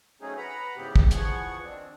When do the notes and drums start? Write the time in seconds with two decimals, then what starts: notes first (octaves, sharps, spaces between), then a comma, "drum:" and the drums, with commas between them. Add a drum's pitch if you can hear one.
0.21 F#3 A3 C4 C#4 D#4 G#4
0.37 B4 F#5 A#5 B5
0.76 G#2 C#3 E3 B3 C4 G4
0.96 drum: kick
1.11 E2 F3 B3 G#4 F#5 C#6, drum: hi-hat
1.64 D#3 C4 D4